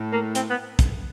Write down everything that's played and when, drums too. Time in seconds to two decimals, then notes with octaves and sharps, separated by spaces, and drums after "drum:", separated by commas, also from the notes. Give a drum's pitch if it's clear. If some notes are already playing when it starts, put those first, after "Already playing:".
Already playing: A2
0.12 A#3
0.35 C4, drum: hi-hat
0.50 B3
0.79 drum: kick, hi-hat